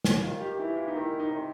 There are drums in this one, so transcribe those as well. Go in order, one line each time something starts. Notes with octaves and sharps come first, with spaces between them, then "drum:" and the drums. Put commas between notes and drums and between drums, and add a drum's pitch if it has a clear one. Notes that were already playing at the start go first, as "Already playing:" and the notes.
drum: snare
D#3 F4
G4
E3 E4
F4
D#4
D#3 E4
D#4
C3